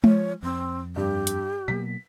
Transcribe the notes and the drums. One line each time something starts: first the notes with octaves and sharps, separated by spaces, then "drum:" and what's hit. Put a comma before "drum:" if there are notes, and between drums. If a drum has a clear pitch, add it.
F3 C#5, drum: tom G#3
F2 C4
G2 G4
drum: hi-hat
B2 F#3 A#3 B6